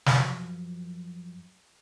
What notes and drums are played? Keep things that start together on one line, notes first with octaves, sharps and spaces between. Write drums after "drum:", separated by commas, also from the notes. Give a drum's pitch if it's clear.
F#2 F3, drum: snare